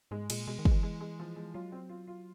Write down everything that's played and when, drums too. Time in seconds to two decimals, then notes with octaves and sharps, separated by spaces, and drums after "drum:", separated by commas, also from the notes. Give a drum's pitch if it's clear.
0.11 G#2 G#3
0.30 A#2 G#3, drum: cymbal
0.47 B2 G#3
0.59 D#3
0.65 G#3, drum: kick
0.71 E3
0.83 G#3
1.00 G#3
1.19 F3
1.36 G#3
1.54 F#3 F4
1.72 C4
1.89 F4
2.07 F4